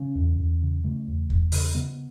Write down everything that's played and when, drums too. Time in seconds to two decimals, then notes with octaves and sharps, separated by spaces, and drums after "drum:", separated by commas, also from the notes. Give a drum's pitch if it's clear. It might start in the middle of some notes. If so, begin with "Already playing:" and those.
Already playing: C#3 C#4
0.15 E2
0.38 E2
0.62 C#3
0.84 C#3 A3
1.07 E2
1.30 E2, drum: kick
1.52 C#3, drum: open hi-hat
1.75 C#3 B3